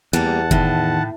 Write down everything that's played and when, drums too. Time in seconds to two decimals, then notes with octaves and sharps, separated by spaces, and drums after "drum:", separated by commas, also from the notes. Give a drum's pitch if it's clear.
0.13 E2 G3 A#3 F#5 A5
0.51 A2 D#3, drum: kick F1